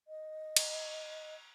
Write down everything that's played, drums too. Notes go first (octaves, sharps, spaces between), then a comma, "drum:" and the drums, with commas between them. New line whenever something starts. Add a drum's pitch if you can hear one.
D#5
drum: cymbal